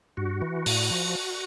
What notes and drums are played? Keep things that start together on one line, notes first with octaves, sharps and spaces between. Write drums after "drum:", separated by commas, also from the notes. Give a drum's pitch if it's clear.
G2 F#4
E3
A2, drum: open hi-hat
F3